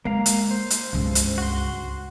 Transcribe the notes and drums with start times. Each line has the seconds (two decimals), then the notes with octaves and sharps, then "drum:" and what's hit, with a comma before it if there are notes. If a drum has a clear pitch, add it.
0.05 G#3 A#3 F5 A#5
0.26 drum: hi-hat
0.51 C5
0.70 drum: hi-hat
0.93 C#2 G2
1.15 drum: hi-hat
1.38 F#4 C6